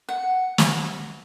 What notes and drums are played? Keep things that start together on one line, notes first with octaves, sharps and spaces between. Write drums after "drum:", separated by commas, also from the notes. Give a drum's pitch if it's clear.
F#5
drum: snare